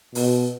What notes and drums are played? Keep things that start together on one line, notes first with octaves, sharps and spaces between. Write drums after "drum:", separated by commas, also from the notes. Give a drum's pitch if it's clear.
B2, drum: open hi-hat